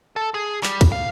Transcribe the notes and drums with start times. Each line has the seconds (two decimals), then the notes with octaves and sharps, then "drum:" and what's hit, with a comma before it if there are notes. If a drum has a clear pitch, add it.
0.16 A4
0.34 G#4
0.63 G3, drum: clap
0.81 drum: kick, cymbal
0.92 F5